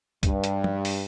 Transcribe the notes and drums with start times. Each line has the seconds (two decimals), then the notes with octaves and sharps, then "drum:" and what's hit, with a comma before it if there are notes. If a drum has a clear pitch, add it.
0.23 G2, drum: kick, hi-hat
0.44 drum: hi-hat
0.64 drum: tom
0.85 drum: open hi-hat